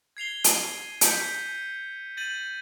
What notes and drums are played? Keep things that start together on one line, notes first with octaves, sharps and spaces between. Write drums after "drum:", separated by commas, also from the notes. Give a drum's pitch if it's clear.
G#6 C7 F7 G7
D#7, drum: hi-hat
G6 B6 C#7, drum: hi-hat
G6 A6 D#7 F#7